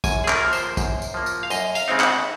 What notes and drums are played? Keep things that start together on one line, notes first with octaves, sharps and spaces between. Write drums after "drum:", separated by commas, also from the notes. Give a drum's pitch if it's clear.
F#2 G#5, drum: kick, tambourine
G#4
A#4, drum: clap
F3 A#3
C5, drum: tambourine
F#2, drum: kick, tambourine
drum: tambourine
F3 A#3
drum: tambourine
F5
F#2 D#5, drum: tambourine
F5, drum: tambourine
C#3 G#3 C4 D#4
F#5, drum: clap